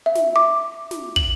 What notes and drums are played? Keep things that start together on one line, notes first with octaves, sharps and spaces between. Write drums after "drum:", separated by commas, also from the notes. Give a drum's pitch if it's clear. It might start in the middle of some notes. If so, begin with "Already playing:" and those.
E5
drum: snare
D6
drum: snare
F#7, drum: kick